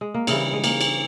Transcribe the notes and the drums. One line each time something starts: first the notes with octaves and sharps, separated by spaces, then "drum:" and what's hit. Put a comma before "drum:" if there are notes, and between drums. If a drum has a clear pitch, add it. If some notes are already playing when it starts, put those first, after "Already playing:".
G#3
A#3
C#3 E3 G3 C4, drum: cymbal
G#3
A#3, drum: cymbal
drum: cymbal